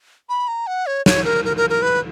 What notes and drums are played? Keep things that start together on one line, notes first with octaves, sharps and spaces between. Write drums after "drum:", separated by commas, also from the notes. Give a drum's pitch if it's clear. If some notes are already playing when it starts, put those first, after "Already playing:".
B5
A#5
F#5
C#5
C#5, drum: snare
A#4
A#4
A#4
A#4
B4